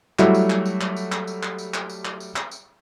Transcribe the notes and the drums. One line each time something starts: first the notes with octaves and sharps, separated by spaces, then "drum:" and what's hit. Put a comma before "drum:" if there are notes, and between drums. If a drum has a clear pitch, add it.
F#3 G3 A3 E4 F#4, drum: clap
drum: tambourine
drum: clap
drum: tambourine
drum: clap
drum: tambourine
drum: clap
drum: tambourine
drum: clap
drum: tambourine
drum: clap
drum: tambourine
drum: clap
drum: tambourine
drum: clap
drum: tambourine